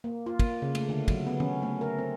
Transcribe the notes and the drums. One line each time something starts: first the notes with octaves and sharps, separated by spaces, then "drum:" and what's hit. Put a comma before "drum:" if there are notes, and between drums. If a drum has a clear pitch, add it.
A#3
F4
A#3, drum: kick, cymbal
C#3
A3, drum: cymbal
D3
F#3, drum: kick, cymbal
B3
C#4, drum: tom D#3
A3
A#4
C4